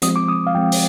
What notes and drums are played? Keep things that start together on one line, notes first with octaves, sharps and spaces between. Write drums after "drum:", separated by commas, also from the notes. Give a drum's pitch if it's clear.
F3 G#3 C4 D#6, drum: hi-hat
D6
D#6
F5
F3 G#3 C4 G5
drum: open hi-hat